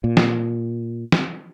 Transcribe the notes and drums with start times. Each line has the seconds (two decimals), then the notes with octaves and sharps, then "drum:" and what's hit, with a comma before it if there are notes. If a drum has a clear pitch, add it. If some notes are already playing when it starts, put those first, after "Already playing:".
0.04 A#2
0.17 drum: snare
1.12 drum: snare